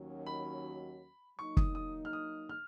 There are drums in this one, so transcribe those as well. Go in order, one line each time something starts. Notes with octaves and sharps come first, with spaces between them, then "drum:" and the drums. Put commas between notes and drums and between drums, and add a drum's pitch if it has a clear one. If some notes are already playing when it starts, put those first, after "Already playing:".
Already playing: D#2 D#3 F#3 C#4 F#4
B5
F#3 A#3 D#4 C#6
D#6, drum: kick
D#6
F6
D#6
F6